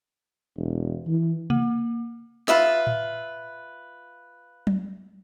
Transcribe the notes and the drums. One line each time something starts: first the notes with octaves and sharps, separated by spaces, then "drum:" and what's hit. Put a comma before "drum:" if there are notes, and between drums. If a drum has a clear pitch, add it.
E1
E3
A#3, drum: tom C3
F4 B4 E5 D#6, drum: snare
drum: tom A2
drum: tom F#3